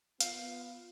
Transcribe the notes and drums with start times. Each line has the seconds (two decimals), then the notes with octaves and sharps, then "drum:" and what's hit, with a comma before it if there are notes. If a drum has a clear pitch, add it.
0.20 B3 F4 F5, drum: hi-hat